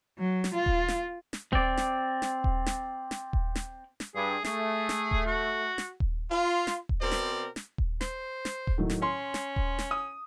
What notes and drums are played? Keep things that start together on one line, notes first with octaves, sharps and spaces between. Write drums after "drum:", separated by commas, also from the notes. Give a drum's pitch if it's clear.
F#3
drum: snare
F4
drum: kick D#1
drum: snare
drum: snare
C4 D5, drum: kick D#1
drum: snare
drum: snare
drum: kick D#1
drum: snare
drum: snare
drum: kick D#1
drum: snare
drum: snare
G2 G#4
A3 G#4, drum: snare
drum: snare
drum: kick D#1
F#4
drum: snare
drum: kick D#1
F4
drum: snare
drum: kick D#1
B2 C4 A#4 C5 D5
drum: snare
drum: snare
drum: kick D#1
C5, drum: snare
drum: snare
drum: kick D#1
A2 D#3 F#3
drum: snare
C#4 C6
drum: snare
drum: kick D#1
drum: snare
D#6